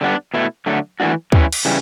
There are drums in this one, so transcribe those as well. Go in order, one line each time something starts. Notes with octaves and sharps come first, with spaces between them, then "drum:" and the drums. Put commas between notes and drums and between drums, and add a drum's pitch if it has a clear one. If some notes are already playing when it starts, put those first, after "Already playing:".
D3 G3 B3 D4
B2 A3 E4
D3 F#3 A3
E3 A3 D4 F#4
E3 G3 C#4 E4, drum: kick
drum: cymbal
C#3 E3 G3